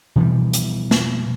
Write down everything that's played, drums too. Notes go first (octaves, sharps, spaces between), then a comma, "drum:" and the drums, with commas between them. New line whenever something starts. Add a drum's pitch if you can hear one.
B2 E3 F3 G3
drum: hi-hat
drum: snare